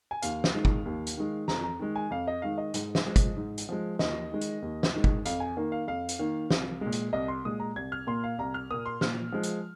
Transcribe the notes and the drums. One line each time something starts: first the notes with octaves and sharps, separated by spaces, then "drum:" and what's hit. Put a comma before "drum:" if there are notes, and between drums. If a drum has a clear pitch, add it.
G#5
D#2 F5, drum: hi-hat
drum: snare
D#3 G#3
drum: kick
D#2
drum: hi-hat
D#3 G#3
F2 A#5, drum: snare
A#5
D#3 G#3
G#5
F2 F5
D#5
D#3 G#3 F5
D#5
G#2, drum: hi-hat
drum: snare
F3 G#3
drum: kick, hi-hat
G#2
drum: hi-hat
F3 G#3
D#2 D#5, drum: snare
D#3 G#3
drum: hi-hat
D#2
drum: snare
D#3 G#3
drum: kick
F2 F5, drum: hi-hat
G#5
D#3 A#3
F5
F2 F5
drum: hi-hat
D#3 A#3
C2, drum: snare
A#2 G#3
drum: hi-hat
C2 D#5
C6
A#2 G#3 D#6
A#5
C2 G#6
F6
A#2 A#3 C6
F5
C2 A#5
F6
A#2 A#3 D#6
C6
A#2 F6, drum: snare
F3 G#3
drum: hi-hat